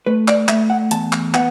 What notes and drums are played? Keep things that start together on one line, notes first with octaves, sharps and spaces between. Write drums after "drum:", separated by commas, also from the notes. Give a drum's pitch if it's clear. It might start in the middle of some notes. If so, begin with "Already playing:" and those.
A3 B4
D5, drum: clap
A3 E5, drum: clap
F#5
E2 A5, drum: hi-hat
drum: clap
B3 F#5, drum: clap